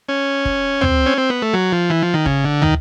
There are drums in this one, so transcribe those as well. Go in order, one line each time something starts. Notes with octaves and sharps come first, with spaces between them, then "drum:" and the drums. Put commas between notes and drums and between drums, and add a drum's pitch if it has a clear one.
C#4
drum: kick
C4, drum: tom
C#4
C4
B3
A3
F#3
F3
E3
F3
D#3
C#3, drum: kick
D3
D#3, drum: tom